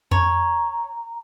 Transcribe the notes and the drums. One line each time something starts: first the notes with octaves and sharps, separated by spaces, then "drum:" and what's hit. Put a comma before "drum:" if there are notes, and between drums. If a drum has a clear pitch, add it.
C#5 A#5, drum: tom F2